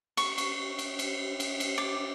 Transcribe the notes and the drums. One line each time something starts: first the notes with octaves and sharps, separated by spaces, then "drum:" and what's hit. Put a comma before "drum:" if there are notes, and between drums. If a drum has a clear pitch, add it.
C#6, drum: cymbal
drum: cymbal
drum: cymbal
drum: cymbal
drum: cymbal
drum: cymbal
D6